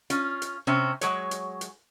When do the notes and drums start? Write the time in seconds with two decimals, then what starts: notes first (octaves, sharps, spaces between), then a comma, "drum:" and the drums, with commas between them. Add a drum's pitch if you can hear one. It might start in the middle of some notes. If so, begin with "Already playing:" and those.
0.10 C#4 F4, drum: hi-hat
0.42 drum: hi-hat
0.67 C3 C4 C#4
1.01 F#3 G#3 C#5, drum: hi-hat
1.31 drum: hi-hat
1.61 drum: hi-hat